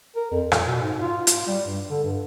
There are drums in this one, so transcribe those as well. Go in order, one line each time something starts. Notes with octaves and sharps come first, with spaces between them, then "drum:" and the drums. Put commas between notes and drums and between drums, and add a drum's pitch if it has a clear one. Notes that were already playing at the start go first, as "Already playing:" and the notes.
A#4
F2
A#2, drum: rim click
B2
G#2
F4
F4, drum: hi-hat
G3
G2
D3
G2